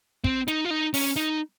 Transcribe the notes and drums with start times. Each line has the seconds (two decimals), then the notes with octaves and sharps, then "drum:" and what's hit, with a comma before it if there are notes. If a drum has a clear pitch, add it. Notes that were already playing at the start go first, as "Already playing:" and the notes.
0.24 C4, drum: kick
0.48 D#4, drum: hi-hat
0.65 F4
0.71 D#4
0.94 C#4, drum: open hi-hat
1.16 D#4